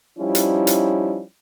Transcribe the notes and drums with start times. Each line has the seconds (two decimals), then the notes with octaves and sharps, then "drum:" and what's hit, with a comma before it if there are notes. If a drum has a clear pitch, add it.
0.19 F3 G3 C#4 D#4 E4
0.35 drum: hi-hat
0.67 drum: hi-hat